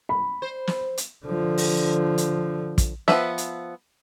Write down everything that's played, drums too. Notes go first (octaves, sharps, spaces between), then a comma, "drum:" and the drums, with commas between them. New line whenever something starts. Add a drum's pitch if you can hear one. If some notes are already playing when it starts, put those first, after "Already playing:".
B5
C5
drum: snare
drum: hi-hat
D3 F3
drum: open hi-hat
drum: hi-hat
drum: kick, hi-hat
F3 B3 B4 E5, drum: snare
drum: hi-hat